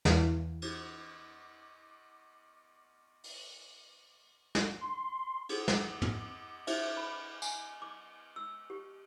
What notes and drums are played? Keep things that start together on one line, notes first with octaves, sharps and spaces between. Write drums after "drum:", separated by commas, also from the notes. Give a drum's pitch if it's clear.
E2 E3 F5, drum: snare
drum: cymbal
drum: open hi-hat
drum: snare
C6
drum: cymbal
drum: snare
drum: tom
E5, drum: cymbal
B5
G#5, drum: tambourine
D6
E6
G4